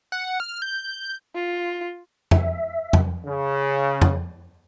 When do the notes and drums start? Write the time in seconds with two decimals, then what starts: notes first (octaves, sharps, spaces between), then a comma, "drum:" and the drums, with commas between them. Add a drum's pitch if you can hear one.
0.12 F#5
0.40 F6
0.62 G6
1.35 F4
2.31 E5, drum: tom F2
2.93 drum: tom F2
3.26 C#3
4.02 drum: tom F2